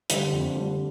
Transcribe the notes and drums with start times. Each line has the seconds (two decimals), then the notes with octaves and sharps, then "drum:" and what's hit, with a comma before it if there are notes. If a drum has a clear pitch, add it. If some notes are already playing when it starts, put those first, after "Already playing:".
0.10 D3 G3, drum: hi-hat
0.32 F2
0.55 D3 G3